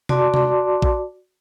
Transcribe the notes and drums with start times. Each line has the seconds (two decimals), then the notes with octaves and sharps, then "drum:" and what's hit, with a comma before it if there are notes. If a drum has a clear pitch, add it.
0.09 F#4 D5 A5 C6 D6, drum: tom C3
0.34 drum: tom C3
0.82 drum: kick A#1